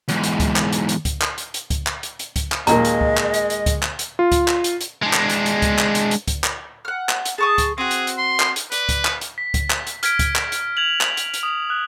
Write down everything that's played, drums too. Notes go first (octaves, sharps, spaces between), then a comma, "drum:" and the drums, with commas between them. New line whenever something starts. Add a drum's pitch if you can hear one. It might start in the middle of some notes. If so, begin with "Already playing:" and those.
E2 G#2, drum: hi-hat
drum: hi-hat
drum: kick C#2, hi-hat
drum: clap
drum: hi-hat
drum: hi-hat
drum: kick C#2, hi-hat
drum: clap
drum: hi-hat
drum: hi-hat
drum: kick C#2, hi-hat
drum: clap
drum: hi-hat
drum: hi-hat
drum: kick C#2, hi-hat
drum: clap
D#2 A#2 G#3 A#3 D#5 A#5, drum: hi-hat
drum: hi-hat
drum: kick C#2
drum: clap
drum: hi-hat
drum: hi-hat
drum: kick C#2, hi-hat
drum: clap
drum: hi-hat
F4
drum: kick C#2, hi-hat
drum: clap
drum: hi-hat
drum: hi-hat
G#3 D4
drum: clap
drum: hi-hat
drum: hi-hat
drum: kick C#2, hi-hat
drum: clap
drum: hi-hat
drum: hi-hat
drum: kick C#2, hi-hat
drum: clap
F#5 F6
drum: clap
drum: hi-hat
G#4 A5 C#6 D#6
drum: kick C#2, hi-hat
C4 F#4 G#4
drum: hi-hat
drum: hi-hat
C6
drum: clap
drum: hi-hat
B4 D5, drum: hi-hat
drum: kick C#2, hi-hat
drum: clap
drum: hi-hat
B6
drum: kick C#2, hi-hat
drum: clap
drum: hi-hat
F6 G#6 B6 D7, drum: hi-hat
drum: kick C#2, hi-hat
drum: clap
drum: hi-hat
G#6 F7 F#7
drum: clap
drum: hi-hat
drum: hi-hat
D#6
D#6 F#6